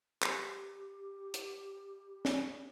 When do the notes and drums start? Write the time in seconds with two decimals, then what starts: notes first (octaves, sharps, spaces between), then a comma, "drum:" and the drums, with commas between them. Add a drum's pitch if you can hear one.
0.22 G4, drum: clap
1.34 drum: hi-hat
2.25 drum: snare